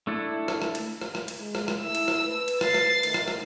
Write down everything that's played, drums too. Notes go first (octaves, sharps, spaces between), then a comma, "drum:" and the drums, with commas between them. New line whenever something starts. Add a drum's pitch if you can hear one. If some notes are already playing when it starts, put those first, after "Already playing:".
A3 D4 E4 A4
drum: rim click
drum: rim click
drum: cymbal
drum: rim click
drum: rim click
drum: cymbal
G#3
drum: rim click
drum: rim click
A3 E4 E6
drum: cymbal
drum: rim click
B4
drum: cymbal
A6 C7, drum: rim click
drum: rim click
D#3 A3, drum: cymbal
drum: rim click
drum: rim click